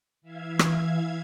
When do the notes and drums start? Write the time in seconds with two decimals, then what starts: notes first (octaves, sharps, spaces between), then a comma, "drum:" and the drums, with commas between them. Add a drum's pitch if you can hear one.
0.21 E3 E5 F5 G#6
0.59 drum: rim click